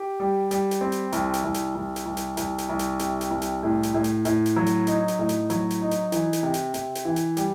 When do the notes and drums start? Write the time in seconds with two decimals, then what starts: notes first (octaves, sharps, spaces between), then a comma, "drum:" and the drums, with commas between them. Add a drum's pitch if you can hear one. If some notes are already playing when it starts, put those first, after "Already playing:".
Already playing: G4
0.20 G3
0.51 G3, drum: hi-hat
0.71 drum: hi-hat
0.81 C4
0.92 drum: hi-hat
1.12 C2, drum: hi-hat
1.34 drum: hi-hat
1.44 C2
1.54 drum: hi-hat
1.75 C2
1.96 drum: hi-hat
2.06 C2
2.17 drum: hi-hat
2.37 C2, drum: hi-hat
2.58 drum: hi-hat
2.69 C2
2.79 drum: hi-hat
2.99 C3, drum: hi-hat
3.21 drum: hi-hat
3.31 C2
3.42 drum: hi-hat
3.63 A2
3.83 drum: hi-hat
3.94 A2
4.04 drum: hi-hat
4.25 A2, drum: hi-hat
4.46 drum: hi-hat
4.56 F#3
4.66 drum: hi-hat
4.87 D#4, drum: hi-hat
5.08 drum: hi-hat
5.19 A2
5.29 drum: hi-hat
5.50 F#3, drum: hi-hat
5.70 drum: hi-hat
5.81 D#4
5.91 drum: hi-hat
6.12 E3, drum: hi-hat
6.33 drum: hi-hat
6.43 C3
6.54 drum: hi-hat
6.74 C3, drum: hi-hat
6.95 drum: hi-hat
7.05 E3
7.16 drum: hi-hat
7.37 G3, drum: hi-hat